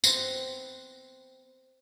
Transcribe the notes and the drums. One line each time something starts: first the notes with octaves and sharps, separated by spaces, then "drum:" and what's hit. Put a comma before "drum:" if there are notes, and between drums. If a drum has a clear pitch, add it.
B3 C4, drum: tambourine